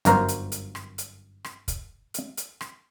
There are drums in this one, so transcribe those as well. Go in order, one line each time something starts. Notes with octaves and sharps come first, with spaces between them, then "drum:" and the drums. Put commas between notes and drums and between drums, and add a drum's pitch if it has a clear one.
G1 F#2 A#4 C5, drum: hi-hat
drum: hi-hat
drum: hi-hat
drum: rim click
drum: hi-hat
drum: rim click
drum: kick, hi-hat
drum: hi-hat
drum: hi-hat
drum: rim click